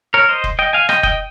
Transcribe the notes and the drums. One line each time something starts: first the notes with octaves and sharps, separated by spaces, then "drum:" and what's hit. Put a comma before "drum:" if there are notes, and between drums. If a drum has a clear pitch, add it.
A#4 C#5
C5 D#5
drum: kick F1
D#5 G5
F5 G#5
D#5 G5, drum: rim click
D#5 G5, drum: kick F1